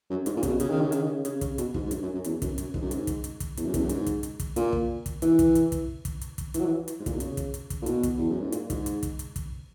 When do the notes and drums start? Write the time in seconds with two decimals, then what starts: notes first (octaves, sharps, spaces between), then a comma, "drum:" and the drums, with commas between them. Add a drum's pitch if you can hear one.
0.10 F#2
0.26 G#2, drum: hi-hat
0.37 A#2
0.43 C#3, drum: kick, hi-hat
0.48 B2
0.60 C#3, drum: hi-hat
0.70 D#3
0.81 C#3
0.92 D#3, drum: hi-hat
1.03 C#3
1.25 C#3, drum: hi-hat
1.41 C#3, drum: kick, hi-hat
1.58 B2, drum: hi-hat
1.74 G#2, drum: kick
1.86 G#2
1.91 F#2, drum: hi-hat
2.02 F#2
2.14 F#2
2.24 E2, drum: hi-hat
2.42 F#2, drum: kick, hi-hat
2.58 F#2, drum: hi-hat
2.74 G#2, drum: kick
2.82 F#2
2.91 G#2, drum: hi-hat
3.07 drum: kick, hi-hat
3.24 drum: hi-hat
3.40 drum: kick, hi-hat
3.57 E2, drum: hi-hat
3.65 F#2
3.74 E2, drum: kick, hi-hat
3.81 F#2
3.89 G#2, drum: hi-hat
4.06 drum: kick, hi-hat
4.23 drum: hi-hat
4.40 drum: kick, hi-hat
4.56 A#2, drum: hi-hat
4.73 drum: kick
5.06 drum: kick, hi-hat
5.22 E3, drum: hi-hat
5.39 drum: kick, hi-hat
5.55 drum: hi-hat
5.72 drum: kick, hi-hat
6.05 drum: kick, hi-hat
6.21 drum: hi-hat
6.38 drum: kick, hi-hat
6.54 E3, drum: hi-hat
6.60 F#3
6.66 E3
6.88 drum: hi-hat
7.00 G#2
7.06 A#2, drum: kick, hi-hat
7.14 B2
7.20 C#3, drum: hi-hat
7.37 drum: kick, hi-hat
7.54 drum: hi-hat
7.70 drum: kick, hi-hat
7.82 A#2
7.86 B2, drum: hi-hat
8.03 drum: kick, hi-hat
8.18 E2
8.30 F#2
8.41 G#2
8.52 A#2, drum: hi-hat
8.70 G#2, drum: kick, hi-hat
8.86 drum: hi-hat
9.03 drum: kick, hi-hat
9.19 drum: hi-hat
9.36 drum: kick, hi-hat